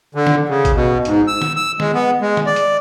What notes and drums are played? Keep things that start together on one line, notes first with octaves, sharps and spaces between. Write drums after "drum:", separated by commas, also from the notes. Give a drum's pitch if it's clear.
D3
drum: snare
C#3
drum: kick, hi-hat
B2
G#2, drum: hi-hat
E6
drum: snare
E6
G#3, drum: snare
B3
G#3
drum: snare
D5
drum: hi-hat